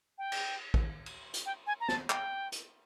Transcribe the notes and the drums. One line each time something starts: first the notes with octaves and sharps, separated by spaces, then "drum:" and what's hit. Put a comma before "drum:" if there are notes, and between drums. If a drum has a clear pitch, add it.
G5
drum: cymbal
drum: kick A1
drum: cymbal
drum: hi-hat
G5
G#5
A#5
A5, drum: snare
G5, drum: clap
drum: hi-hat